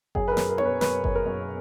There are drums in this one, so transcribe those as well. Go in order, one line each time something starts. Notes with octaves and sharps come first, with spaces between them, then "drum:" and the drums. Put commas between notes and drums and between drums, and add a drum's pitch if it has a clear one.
F#2 G#4, drum: kick G1
B4
A#4
F#2, drum: snare
A#4
B3 C#5, drum: tom D4
B4
F#2 B4, drum: snare
F#2, drum: kick G1
A#4
F#2